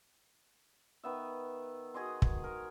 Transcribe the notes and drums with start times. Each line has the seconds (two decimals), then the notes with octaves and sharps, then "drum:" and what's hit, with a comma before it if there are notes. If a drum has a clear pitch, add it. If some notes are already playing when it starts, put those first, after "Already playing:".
1.03 D#3 B3 E5
1.94 F#4 G#4 D#5 C6
2.22 drum: kick
2.44 A#4